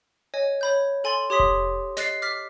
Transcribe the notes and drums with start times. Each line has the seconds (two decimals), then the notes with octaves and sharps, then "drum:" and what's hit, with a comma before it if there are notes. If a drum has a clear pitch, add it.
0.34 C#5 D#5 G#5
0.61 C#5 B5 G6
1.04 A4 G#5 C6 A6 F#7 G7
1.30 G4 C#5 C6 D#6 B6 F#7
1.40 drum: kick F1
1.97 D#5 F#6 A6 C7, drum: snare
2.22 D6 F6 A6 B6